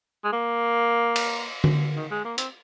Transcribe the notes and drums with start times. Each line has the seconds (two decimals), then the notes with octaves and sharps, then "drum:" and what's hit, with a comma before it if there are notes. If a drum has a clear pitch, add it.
0.24 G#3
0.32 A#3
1.16 drum: cymbal
1.64 drum: tom D3
1.96 D#3
2.11 G#3
2.25 A#3
2.38 C4, drum: hi-hat